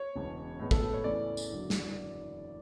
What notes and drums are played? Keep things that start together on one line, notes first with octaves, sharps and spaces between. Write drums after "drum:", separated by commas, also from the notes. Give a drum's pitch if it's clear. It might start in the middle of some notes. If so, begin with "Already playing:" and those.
Already playing: C#5
E1 E2 C#3
A2 G#3 B3
A4, drum: kick
A4
C#5
E2 C#3 E3 A3 C#4 D5
drum: tambourine
F#1 D3 F#3
drum: snare